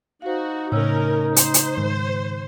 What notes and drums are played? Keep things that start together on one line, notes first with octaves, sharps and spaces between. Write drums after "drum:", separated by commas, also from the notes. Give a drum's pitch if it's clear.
D#4 F#4 C5 F5
A2 C#3 C#4 A#4 C#5 E6
C5, drum: hi-hat
drum: hi-hat
G#2 D#3